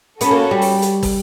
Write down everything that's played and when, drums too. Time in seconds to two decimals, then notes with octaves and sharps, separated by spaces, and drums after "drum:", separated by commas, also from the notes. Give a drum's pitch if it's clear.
0.21 B3 C#4 F#4 A4, drum: hi-hat
0.31 A#3
0.51 G3
0.62 drum: open hi-hat
0.82 drum: hi-hat
1.03 drum: kick, open hi-hat